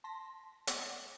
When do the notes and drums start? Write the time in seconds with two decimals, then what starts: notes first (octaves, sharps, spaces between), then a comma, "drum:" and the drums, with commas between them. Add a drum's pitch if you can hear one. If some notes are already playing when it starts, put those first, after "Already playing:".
0.04 A5 C6 A#6 B6
0.67 drum: hi-hat